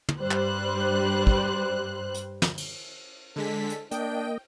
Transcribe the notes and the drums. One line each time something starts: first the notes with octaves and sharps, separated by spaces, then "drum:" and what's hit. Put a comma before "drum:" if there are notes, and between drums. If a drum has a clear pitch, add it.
drum: tom
G2 G3 C5 F#6
drum: clap
drum: kick
drum: hi-hat
drum: snare
drum: cymbal
D3 G#3 A4 B6
drum: hi-hat
A#3 D4 D#5 G5, drum: hi-hat